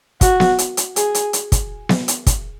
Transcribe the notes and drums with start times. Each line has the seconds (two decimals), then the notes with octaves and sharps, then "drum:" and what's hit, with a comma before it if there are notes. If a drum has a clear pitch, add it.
0.21 F#4, drum: kick, hi-hat
0.40 drum: snare B3
0.59 drum: hi-hat
0.77 drum: hi-hat
0.96 G#4, drum: hi-hat
1.15 drum: hi-hat
1.33 drum: hi-hat
1.52 drum: kick, hi-hat
1.89 drum: snare B3
2.08 drum: hi-hat
2.27 drum: kick, hi-hat